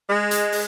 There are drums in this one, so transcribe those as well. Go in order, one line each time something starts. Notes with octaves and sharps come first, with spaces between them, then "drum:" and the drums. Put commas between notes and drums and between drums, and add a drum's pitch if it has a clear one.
G#3
drum: hi-hat
drum: open hi-hat